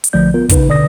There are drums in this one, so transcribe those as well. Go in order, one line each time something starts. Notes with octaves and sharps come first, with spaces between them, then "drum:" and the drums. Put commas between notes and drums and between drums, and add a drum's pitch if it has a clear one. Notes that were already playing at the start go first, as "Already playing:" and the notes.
drum: hi-hat
A#1 D3 F3 A3 D5 G6
B3 F4 A#4
A#1 C#3 D#4 B4, drum: kick, hi-hat
B2 D3 D5 D#6 A#6